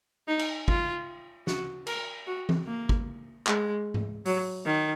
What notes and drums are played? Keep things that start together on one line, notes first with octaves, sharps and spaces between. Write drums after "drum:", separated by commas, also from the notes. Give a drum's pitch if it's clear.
D#4
drum: cymbal
F4, drum: kick
F#4, drum: snare
A#4, drum: cymbal
F#4
drum: tom E3
A#3
drum: kick
G#3, drum: clap
drum: tom G#2
F#3, drum: open hi-hat
D#3